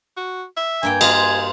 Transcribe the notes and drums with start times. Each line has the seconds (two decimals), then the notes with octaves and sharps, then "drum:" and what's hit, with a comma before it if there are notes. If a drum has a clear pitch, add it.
0.17 F#4
0.57 E5
0.83 G2 A#3 G5 G#5
1.01 A#3 F4 C5 D#5, drum: cymbal